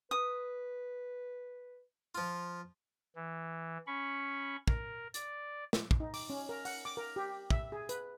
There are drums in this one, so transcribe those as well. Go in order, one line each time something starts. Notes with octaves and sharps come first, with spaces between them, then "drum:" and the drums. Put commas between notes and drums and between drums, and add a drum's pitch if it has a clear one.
B4 D#6
F3 F4
E3
C#4 B5 C#6
A#4, drum: kick
D5, drum: hi-hat
drum: snare
drum: kick
D#4
D6, drum: open hi-hat
C#4
A#4
F#5, drum: open hi-hat
D6
A#4
G4
E5, drum: kick
G#4
B4, drum: hi-hat